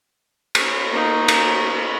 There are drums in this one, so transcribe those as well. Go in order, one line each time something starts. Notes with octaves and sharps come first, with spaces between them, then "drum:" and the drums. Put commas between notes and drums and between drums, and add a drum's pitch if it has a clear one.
drum: cymbal
A#3 D#4
drum: cymbal